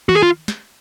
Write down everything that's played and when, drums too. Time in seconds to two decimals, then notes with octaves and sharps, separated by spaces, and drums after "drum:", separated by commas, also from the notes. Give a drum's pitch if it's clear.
0.09 F#4, drum: tom D#3
0.15 G#4
0.23 F4
0.48 drum: snare